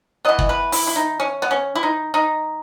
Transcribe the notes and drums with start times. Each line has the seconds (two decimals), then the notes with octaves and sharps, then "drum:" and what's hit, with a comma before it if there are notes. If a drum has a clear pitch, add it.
0.25 E3 B3 D#5
0.39 drum: kick
0.49 B4
0.72 E4, drum: open hi-hat
0.87 E4
0.96 D#4
1.20 C#4
1.42 B3
1.51 C#4
1.75 E4
1.83 D#4
2.14 D#4